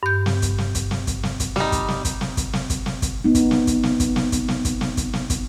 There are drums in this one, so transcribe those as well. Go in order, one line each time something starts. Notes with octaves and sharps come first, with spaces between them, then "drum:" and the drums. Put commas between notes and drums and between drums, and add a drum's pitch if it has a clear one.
G2 G6
drum: snare
drum: kick, hi-hat
drum: snare
drum: kick, hi-hat
drum: snare
drum: kick, hi-hat
drum: snare
drum: kick, hi-hat
G3 D#4, drum: snare
drum: kick, hi-hat
drum: snare
drum: kick, hi-hat
drum: snare
drum: kick, hi-hat
drum: snare
drum: kick, hi-hat
drum: snare
drum: kick, hi-hat
B3 D#4
drum: kick, hi-hat
drum: snare
drum: kick, hi-hat
drum: snare
drum: kick, hi-hat
drum: snare
drum: kick, hi-hat
drum: snare
drum: kick, hi-hat
drum: snare
drum: kick, hi-hat
drum: snare
drum: kick, hi-hat